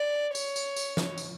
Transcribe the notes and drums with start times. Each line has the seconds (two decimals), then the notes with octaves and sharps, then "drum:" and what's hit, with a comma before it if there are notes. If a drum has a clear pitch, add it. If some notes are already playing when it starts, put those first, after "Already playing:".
Already playing: D5
0.35 C#5, drum: tambourine
0.56 drum: tambourine
0.76 drum: tambourine
0.97 drum: snare
1.18 drum: tambourine